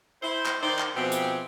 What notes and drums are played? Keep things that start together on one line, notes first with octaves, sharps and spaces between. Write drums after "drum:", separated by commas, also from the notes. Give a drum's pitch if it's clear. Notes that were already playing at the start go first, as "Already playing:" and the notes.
E4 C5
drum: clap
D#3 C5 D5
drum: clap
B2 F3 C4 G4 G#4 E5
drum: hi-hat